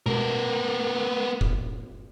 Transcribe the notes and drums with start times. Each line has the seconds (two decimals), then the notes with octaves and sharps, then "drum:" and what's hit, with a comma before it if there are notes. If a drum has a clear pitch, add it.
0.06 B3 A#4, drum: tom B2
1.41 drum: kick F1